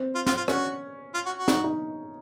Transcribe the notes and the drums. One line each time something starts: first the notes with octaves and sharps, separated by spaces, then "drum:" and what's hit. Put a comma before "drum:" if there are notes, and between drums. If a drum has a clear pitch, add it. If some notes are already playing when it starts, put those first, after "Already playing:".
Already playing: C4
F4
F4, drum: snare
F4
C#4 F#4, drum: rim click
F4
F#4
F#4
D#4, drum: snare
D#4